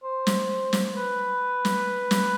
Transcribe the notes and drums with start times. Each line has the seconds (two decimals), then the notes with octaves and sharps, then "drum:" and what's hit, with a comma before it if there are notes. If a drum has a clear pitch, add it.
0.04 C5
0.27 drum: snare
0.73 drum: snare
0.95 B4
1.65 drum: snare
2.11 drum: snare